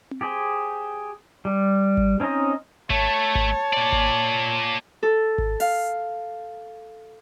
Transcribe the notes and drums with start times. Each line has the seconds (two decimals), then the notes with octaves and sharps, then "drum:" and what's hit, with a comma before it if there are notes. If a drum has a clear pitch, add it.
0.11 drum: tom C4
0.21 G4 G#4 C5
1.45 G3
1.97 drum: kick G#1
2.20 C4 C#4 D#4 C5 D#5
2.90 A3 C#5 A5, drum: kick G#1
3.35 drum: kick G#1
3.73 A#2 D5
3.92 drum: kick G#1
5.03 A4
5.38 drum: kick G#1
5.60 F5, drum: open hi-hat